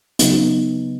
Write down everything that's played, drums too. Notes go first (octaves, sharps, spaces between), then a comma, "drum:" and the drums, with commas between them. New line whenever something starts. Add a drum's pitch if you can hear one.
C#3 F#3 B3 D#4, drum: hi-hat